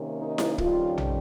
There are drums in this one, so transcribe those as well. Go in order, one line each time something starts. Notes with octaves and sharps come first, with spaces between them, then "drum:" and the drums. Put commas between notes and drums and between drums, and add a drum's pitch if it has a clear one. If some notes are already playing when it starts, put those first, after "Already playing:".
Already playing: C3 D#3 A#3 C#4
D#4
drum: snare E4
F2 D#3 G3 C#4 F4, drum: kick
drum: tom